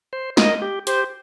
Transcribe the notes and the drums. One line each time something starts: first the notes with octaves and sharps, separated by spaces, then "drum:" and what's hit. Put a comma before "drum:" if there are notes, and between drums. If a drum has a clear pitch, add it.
C5
A#4 D#5, drum: snare
G4
G4 C5, drum: hi-hat